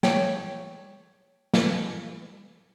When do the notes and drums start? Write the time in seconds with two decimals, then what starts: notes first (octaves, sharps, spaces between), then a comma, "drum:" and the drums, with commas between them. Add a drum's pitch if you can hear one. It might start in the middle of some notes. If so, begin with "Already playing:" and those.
0.03 C#5 G5, drum: snare
1.54 drum: snare